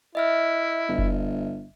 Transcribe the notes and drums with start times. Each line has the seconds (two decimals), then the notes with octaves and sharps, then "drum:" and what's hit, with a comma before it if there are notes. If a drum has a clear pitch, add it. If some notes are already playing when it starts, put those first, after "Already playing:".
0.15 E4 D#5 E5 F6
0.89 G1
0.98 drum: kick F1